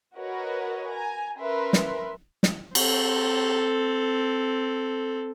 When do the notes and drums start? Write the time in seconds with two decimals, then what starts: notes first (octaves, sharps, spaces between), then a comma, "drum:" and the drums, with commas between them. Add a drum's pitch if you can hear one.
0.15 F#4 A#4 B4 C#5 D#5
0.89 G#5 A#5
1.39 C#4 A#4 B4 E5 C6
1.73 drum: snare
2.43 drum: snare
2.75 C4 A4, drum: cymbal